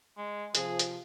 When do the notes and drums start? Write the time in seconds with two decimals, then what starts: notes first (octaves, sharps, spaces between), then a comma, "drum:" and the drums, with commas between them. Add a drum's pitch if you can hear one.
0.17 G#3
0.55 C3 F3 G#4, drum: hi-hat
0.79 drum: hi-hat